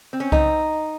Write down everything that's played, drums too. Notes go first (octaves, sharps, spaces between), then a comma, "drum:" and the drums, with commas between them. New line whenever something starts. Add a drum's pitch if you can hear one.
C4
C#4
C#3 D#4, drum: kick C2